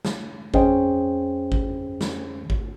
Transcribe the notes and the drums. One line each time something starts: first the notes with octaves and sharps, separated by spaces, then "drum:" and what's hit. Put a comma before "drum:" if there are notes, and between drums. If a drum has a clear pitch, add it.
drum: snare
F2 C#4 G#4 C5 D#5 G5, drum: kick G#1
drum: kick G#1
drum: snare
drum: kick G#1